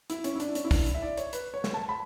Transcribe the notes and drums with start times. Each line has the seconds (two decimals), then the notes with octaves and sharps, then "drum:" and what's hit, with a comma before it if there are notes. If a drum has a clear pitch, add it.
0.10 E4, drum: hi-hat
0.24 C#4, drum: hi-hat
0.36 E4
0.40 D4, drum: hi-hat
0.55 C#4, drum: hi-hat
0.65 E4
0.71 D4, drum: kick, open hi-hat
0.86 E4, drum: hi-hat
0.95 E5
1.02 D5
1.17 C#5, drum: hi-hat
1.33 B4, drum: hi-hat
1.54 C#5
1.64 drum: snare
1.74 A5
1.89 B5